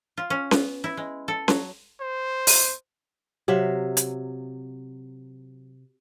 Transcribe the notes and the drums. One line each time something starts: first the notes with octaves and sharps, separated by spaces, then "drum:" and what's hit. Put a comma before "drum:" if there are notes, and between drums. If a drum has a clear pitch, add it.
F4
C#4
B3, drum: snare C#4
E4
G#3
A4
F#3, drum: snare C#4
C5
drum: open hi-hat
C3 F#3 E5 F5
drum: hi-hat